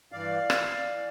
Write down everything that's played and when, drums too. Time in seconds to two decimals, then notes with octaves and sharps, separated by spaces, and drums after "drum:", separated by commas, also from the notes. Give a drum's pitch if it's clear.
0.12 G2 E3 D5 F5
0.50 drum: rim click
0.91 E3